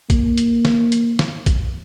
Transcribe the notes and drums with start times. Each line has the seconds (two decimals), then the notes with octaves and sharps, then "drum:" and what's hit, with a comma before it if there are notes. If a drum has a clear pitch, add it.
0.10 A#3, drum: kick, hi-hat
0.38 drum: hi-hat
0.65 drum: snare
0.92 drum: hi-hat
1.19 drum: snare
1.46 drum: kick, hi-hat